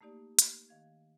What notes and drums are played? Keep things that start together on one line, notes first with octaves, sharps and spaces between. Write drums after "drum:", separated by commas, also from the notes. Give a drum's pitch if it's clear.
A3 A#3 D#4 G4 D5
drum: hi-hat
D#3 F5 G#6